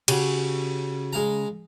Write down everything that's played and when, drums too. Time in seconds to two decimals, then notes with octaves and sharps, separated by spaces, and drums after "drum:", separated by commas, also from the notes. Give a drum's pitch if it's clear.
0.08 C#3 F#4 G4, drum: cymbal
1.13 G#3 F5 A#5